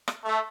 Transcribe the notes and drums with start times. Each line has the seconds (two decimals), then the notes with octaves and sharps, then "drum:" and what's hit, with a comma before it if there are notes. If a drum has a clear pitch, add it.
0.08 drum: rim click
0.25 A3